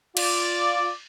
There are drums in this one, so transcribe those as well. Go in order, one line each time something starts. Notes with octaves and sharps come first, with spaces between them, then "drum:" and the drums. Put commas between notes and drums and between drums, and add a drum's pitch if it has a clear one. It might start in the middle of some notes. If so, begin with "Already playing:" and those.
F4 D5, drum: cymbal